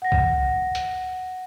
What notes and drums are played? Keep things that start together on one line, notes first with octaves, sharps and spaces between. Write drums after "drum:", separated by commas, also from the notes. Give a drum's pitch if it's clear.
F#5 A#6
drum: kick C2
drum: hi-hat